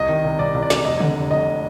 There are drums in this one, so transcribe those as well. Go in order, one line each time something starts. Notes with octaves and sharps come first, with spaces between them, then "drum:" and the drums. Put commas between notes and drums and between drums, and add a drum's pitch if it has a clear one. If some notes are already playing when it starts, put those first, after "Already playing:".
Already playing: C2 D#5
D#3
C2
C2 D5
C2
D5
C2, drum: snare
F1 D#5
D3, drum: tom
F1
F1 D#5